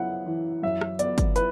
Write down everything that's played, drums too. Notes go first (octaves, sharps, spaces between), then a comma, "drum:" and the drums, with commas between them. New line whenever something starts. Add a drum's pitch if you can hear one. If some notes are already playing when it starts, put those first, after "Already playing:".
Already playing: F#2 B3 E4 F#5
E3
F#2 E5
drum: rim click
B3 D5, drum: hi-hat
drum: kick, hi-hat
E4 B4, drum: hi-hat